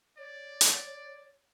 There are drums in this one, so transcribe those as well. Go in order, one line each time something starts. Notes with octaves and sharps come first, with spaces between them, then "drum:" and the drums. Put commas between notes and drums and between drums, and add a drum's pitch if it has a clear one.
C#5 D5
drum: hi-hat